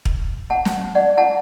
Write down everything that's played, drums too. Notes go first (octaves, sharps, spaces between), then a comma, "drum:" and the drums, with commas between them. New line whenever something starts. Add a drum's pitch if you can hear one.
drum: kick
F#5 A5
drum: snare
D5 F#5
F#5 A5